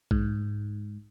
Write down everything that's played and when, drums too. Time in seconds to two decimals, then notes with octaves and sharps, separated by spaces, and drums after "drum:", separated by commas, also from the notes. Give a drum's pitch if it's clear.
0.11 G#2, drum: kick A#1